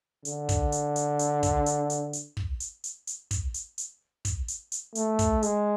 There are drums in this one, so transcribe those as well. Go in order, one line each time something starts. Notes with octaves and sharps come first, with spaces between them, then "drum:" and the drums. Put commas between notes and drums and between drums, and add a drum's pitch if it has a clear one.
D3, drum: hi-hat
drum: kick, hi-hat
drum: hi-hat
drum: hi-hat
drum: hi-hat
drum: kick, hi-hat
drum: hi-hat
drum: hi-hat
drum: hi-hat
drum: kick
drum: hi-hat
drum: hi-hat
drum: hi-hat
drum: kick, hi-hat
drum: hi-hat
drum: hi-hat
drum: kick, hi-hat
drum: hi-hat
drum: hi-hat
A3, drum: hi-hat
drum: kick, hi-hat
G#3, drum: hi-hat